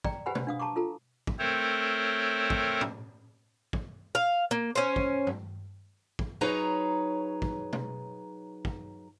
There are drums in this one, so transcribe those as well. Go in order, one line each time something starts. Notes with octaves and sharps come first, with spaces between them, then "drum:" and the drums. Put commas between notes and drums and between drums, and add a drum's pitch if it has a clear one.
D5 G5 A#5, drum: kick
G4 B4 C5 F#5 G#5 B5
drum: tom
D4 F5 D#6
A5 A#5 C#6 D6
F4 A4 A#5
drum: kick
A3 C4 A4 A#4 C5 C#5
drum: kick
drum: tom A2
drum: kick
F5
A#3
C#4 C5
drum: kick
drum: tom G2
drum: kick
F#3 D#4 G#4 B4 C#5 A#5
drum: kick
drum: tom
drum: kick